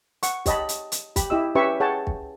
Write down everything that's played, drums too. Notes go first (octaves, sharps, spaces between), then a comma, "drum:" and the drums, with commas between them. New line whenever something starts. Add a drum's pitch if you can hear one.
F#5 C#6, drum: hi-hat
G4 C#5 D#5 A5 B5, drum: kick, hi-hat
drum: hi-hat
drum: hi-hat
G4 B5, drum: kick, hi-hat
E4 G4 D#5 E6
C#4 G4 B4 C#5 E5 C#6
G#4 C#5 F#5 G5 A5
drum: kick